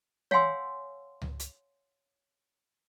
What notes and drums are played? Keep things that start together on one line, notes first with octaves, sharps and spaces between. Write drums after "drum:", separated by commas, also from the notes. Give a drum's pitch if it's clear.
C#5 F5 F#5 G#5 C6 E6, drum: tom E3
drum: tom C#2
drum: hi-hat